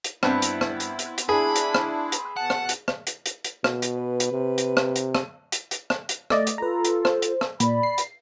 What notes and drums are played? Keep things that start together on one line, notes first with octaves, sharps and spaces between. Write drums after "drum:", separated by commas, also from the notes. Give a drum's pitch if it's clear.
drum: hi-hat
G2 B3 C4 E4, drum: rim click
drum: hi-hat
drum: rim click
drum: hi-hat
drum: hi-hat
drum: hi-hat
D4 E4 G#4 B5
drum: hi-hat
drum: rim click
drum: hi-hat
B2 F#5 A5
drum: rim click
drum: hi-hat
drum: rim click
drum: hi-hat
drum: hi-hat
drum: hi-hat
B2, drum: rim click
drum: hi-hat
B4
drum: hi-hat
C3
drum: hi-hat
drum: rim click
drum: hi-hat
drum: rim click
drum: hi-hat
drum: hi-hat
drum: rim click
drum: hi-hat
A3 D5 D#5, drum: rim click
drum: hi-hat
F4 A4 B4 A#5
drum: hi-hat
C5, drum: rim click
drum: hi-hat
drum: rim click
A#2 D5 B5, drum: hi-hat
C7
drum: hi-hat